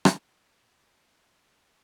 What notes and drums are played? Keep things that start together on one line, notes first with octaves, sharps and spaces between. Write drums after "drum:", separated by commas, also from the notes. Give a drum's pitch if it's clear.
drum: rim click
G5 C7
G#3 A3 B3 C4 F#4 G4
F#3
G1 A2 C4 D#5 A6 G7
F4